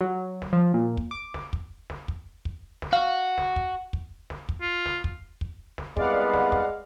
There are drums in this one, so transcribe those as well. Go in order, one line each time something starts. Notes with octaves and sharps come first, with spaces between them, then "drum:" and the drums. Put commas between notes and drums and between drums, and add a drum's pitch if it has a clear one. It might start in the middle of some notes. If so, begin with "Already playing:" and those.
F#3
drum: snare
F3
A#2
drum: kick
D6
drum: snare
drum: kick
drum: snare
drum: kick
drum: kick
drum: snare
F#4 F5
drum: snare
drum: kick
drum: kick
drum: snare
drum: kick
F4
drum: snare
drum: kick
drum: kick
drum: snare
C2 G#3 B3 D5 F5 F#5, drum: kick
drum: snare
drum: kick